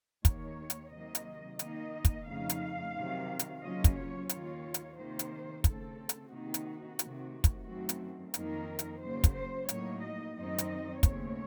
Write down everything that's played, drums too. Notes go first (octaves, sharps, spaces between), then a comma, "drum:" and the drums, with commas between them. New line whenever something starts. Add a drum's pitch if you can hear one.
D#2 D#3 A#3 C#5, drum: kick, hi-hat
drum: hi-hat
C3 D#3 F#3 A#3 D#5
drum: hi-hat
D#3 A#3 D#4 D#5, drum: hi-hat
drum: kick, hi-hat
F2 C#3 A3 D#4 F5
drum: hi-hat
C3 D#3 F#3
drum: hi-hat
C#3 F#3 A#3 C#4 F4 D#5
drum: kick, hi-hat
C#5
D#2 D#3 A#3 F4 C#5, drum: hi-hat
drum: hi-hat
C3 D#3 A#3 C5
drum: hi-hat
C#3 A3 C4 A4, drum: kick, hi-hat
drum: hi-hat
C3 D#3 A#3 D#4 F#4
drum: hi-hat
C3 D#3 A3, drum: hi-hat
drum: kick, hi-hat
F#2 D#3 A3 C4 F#4
drum: hi-hat
F2 D#3 A#3 D#4 A#4, drum: hi-hat
drum: hi-hat
C#3 F#3 A#3 C5
drum: kick, hi-hat
C5
A2 F#3 A#3 D#4 C#5, drum: hi-hat
D#5
F#2 D#3 F#3 C4 D#4 D#5
drum: hi-hat
D#2 C#3 A3 C4 C#5, drum: kick, hi-hat